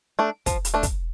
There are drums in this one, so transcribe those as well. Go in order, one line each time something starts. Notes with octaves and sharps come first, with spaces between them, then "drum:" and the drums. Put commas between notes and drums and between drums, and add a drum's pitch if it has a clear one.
A3 D4
F3, drum: kick, hi-hat
drum: hi-hat
A3 D4
drum: kick, hi-hat